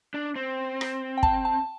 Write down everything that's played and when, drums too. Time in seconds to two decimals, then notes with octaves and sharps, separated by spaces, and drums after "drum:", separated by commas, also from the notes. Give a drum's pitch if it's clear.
0.14 D4
0.36 C4
0.81 drum: rim click
1.18 G5
1.23 A5, drum: kick
1.45 A5